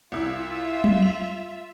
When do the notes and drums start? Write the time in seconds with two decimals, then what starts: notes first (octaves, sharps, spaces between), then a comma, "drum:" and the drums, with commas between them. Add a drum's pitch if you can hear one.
0.12 C2 E4 F4 E5
0.84 drum: tom F#3
1.02 F7